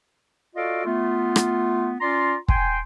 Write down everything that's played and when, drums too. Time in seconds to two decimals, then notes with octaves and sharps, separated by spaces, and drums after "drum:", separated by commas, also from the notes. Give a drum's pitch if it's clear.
0.56 F4 F#4 A4 D5 D#5 F5
0.85 A3 B3 F4
1.36 drum: rim click
2.00 C#4 F4 D5 A#5 C6
2.48 G5 G#5 C6, drum: kick